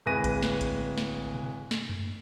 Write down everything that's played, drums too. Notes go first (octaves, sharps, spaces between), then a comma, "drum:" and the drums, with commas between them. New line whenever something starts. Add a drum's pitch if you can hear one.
D1 G#3 B4 G#5 A#6 D#7
drum: kick A#1, hi-hat
drum: snare
drum: kick A#1, hi-hat
drum: snare
drum: tom B2
drum: snare
drum: tom F#2